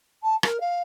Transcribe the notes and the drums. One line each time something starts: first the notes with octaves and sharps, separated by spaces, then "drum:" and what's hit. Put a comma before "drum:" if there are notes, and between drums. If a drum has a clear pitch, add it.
A5
A#4, drum: rim click
F5